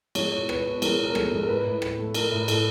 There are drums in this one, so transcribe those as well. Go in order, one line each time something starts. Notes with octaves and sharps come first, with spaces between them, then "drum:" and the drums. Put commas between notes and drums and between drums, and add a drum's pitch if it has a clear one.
G#3 C#5, drum: cymbal
B2 C#5
B2 B4, drum: rim click
B2
G#3 A#4, drum: cymbal
B2
A#4
G#3 A4, drum: rim click
G#3
A#4
A2 B4
A2
A2, drum: rim click
A3
A3 A#4, drum: cymbal
A2
A2 A4, drum: cymbal